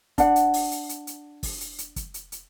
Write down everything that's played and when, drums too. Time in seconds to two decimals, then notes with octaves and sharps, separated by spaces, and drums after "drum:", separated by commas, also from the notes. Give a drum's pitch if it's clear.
0.18 D4 F#5, drum: kick, hi-hat
0.36 drum: hi-hat
0.54 drum: open hi-hat
0.71 drum: hi-hat
0.89 drum: hi-hat
1.07 drum: hi-hat
1.43 drum: kick, open hi-hat
1.61 drum: hi-hat
1.78 drum: hi-hat
1.96 drum: kick, hi-hat
2.14 drum: hi-hat
2.32 drum: hi-hat